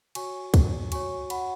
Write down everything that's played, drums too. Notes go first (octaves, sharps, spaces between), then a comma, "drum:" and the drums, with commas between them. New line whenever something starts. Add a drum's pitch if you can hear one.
F#4 C#5 G#5 C#6, drum: cymbal
drum: kick C2, cymbal
F#4 C#5 G#5 C#6, drum: cymbal
F#5 B5, drum: cymbal